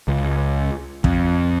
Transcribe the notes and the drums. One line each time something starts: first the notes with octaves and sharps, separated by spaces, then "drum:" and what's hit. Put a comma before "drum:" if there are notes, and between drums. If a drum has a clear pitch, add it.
C#2
F2, drum: kick